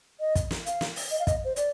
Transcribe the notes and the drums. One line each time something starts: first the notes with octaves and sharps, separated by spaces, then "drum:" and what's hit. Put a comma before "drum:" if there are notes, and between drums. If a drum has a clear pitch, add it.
D#5
drum: kick, hi-hat
drum: snare
F5, drum: hi-hat
drum: snare
drum: open hi-hat
D#5
F5
D#5, drum: kick, hi-hat
C5
D5, drum: hi-hat